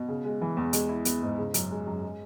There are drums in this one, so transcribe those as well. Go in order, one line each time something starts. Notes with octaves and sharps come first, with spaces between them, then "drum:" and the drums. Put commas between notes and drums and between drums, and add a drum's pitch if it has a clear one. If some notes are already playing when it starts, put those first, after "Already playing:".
Already playing: B2
C#3
G#3
E3
E2
G#3, drum: hi-hat
E4
B3, drum: hi-hat
G#2
C#3
F#2, drum: hi-hat
G#3
F#2
G#3